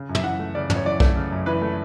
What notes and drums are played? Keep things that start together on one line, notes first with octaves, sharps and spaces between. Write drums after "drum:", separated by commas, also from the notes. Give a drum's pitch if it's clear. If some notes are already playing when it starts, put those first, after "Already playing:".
Already playing: C#3
F#2
E5, drum: tom
E3 F#5
A3
C#3 D5
F#2, drum: tom
C#5
E3 D5
A3, drum: kick B1
C#3
F#2
E3 B4
A3